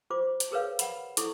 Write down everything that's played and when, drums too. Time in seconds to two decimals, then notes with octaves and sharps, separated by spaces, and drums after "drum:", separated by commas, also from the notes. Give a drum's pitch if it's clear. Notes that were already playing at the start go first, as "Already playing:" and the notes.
0.10 F4 G4 C5 D6
0.40 drum: hi-hat
0.51 G4 G#4 A#4 B4 C#5 F5
0.79 F#5 B5, drum: hi-hat
1.17 E4 A4 C#6 D6, drum: hi-hat